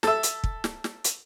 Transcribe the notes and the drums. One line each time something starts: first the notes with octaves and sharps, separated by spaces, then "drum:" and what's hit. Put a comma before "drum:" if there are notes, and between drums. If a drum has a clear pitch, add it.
A4 E5, drum: snare
drum: hi-hat
drum: kick
drum: snare
drum: snare
drum: hi-hat